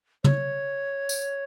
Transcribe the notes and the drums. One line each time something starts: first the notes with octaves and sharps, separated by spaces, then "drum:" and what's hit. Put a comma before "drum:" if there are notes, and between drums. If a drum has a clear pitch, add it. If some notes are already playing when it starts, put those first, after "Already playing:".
C#5, drum: tom
drum: tambourine